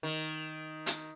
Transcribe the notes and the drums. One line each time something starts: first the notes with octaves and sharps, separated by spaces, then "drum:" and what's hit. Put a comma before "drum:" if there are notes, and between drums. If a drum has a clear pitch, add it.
D#3
drum: hi-hat